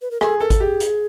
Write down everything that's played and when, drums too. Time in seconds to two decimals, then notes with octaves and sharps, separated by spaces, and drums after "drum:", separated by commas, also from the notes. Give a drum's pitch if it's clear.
0.02 B4
0.11 A#4
0.21 G#4 A4, drum: rim click
0.40 A4 A#4
0.50 drum: kick G#1, hi-hat
0.60 G4 G#4
0.80 drum: hi-hat